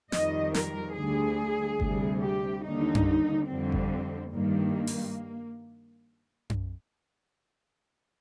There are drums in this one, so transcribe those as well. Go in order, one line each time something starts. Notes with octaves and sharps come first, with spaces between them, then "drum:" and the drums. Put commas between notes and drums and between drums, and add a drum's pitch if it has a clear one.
F2 D#3 G3 D#5, drum: snare
A#4, drum: snare
D2 D3 G3 G#4
D2 C3 G3, drum: kick G1
G4
D#2 D3 G3 D#4
drum: tom F#2
F2 D3 G3 C4
drum: kick G1
G2 D#3 G3 A#3
drum: open hi-hat
drum: tom F#2